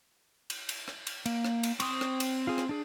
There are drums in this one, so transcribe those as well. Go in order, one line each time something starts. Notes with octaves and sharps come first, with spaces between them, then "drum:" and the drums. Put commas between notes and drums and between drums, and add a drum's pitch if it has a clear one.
drum: cymbal
drum: cymbal
drum: rim click
drum: cymbal
A#3, drum: cymbal
drum: rim click
drum: cymbal
C4 C#6 D#6, drum: cymbal
drum: rim click
drum: cymbal
F4 G#4
drum: rim click
D4 G#4